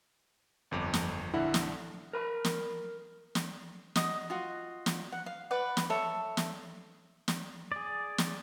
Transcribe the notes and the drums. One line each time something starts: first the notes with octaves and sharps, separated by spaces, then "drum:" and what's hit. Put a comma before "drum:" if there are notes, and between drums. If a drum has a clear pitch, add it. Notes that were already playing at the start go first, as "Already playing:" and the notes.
G1 F2 D6
drum: snare
A#1 D3 E4 F#5
drum: snare
A#4 B5
drum: snare
drum: snare
F#4 D#5 D#6, drum: snare
F4 F#4 D#5
drum: snare
F#5
F5
B4 D5 F#5 D6
drum: snare
A4 C#5 E5
drum: snare
drum: snare
G#4 D5
drum: snare